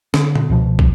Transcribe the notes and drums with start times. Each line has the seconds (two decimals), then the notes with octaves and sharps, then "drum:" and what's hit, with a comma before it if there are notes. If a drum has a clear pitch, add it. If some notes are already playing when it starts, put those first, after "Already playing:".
0.14 D3, drum: snare
0.36 drum: tom A#2
0.50 C#2 B2 F3
0.79 drum: kick